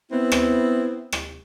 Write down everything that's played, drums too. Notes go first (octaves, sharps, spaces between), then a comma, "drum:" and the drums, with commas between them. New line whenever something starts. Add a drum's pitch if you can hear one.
B3 C4 E4
drum: rim click
drum: rim click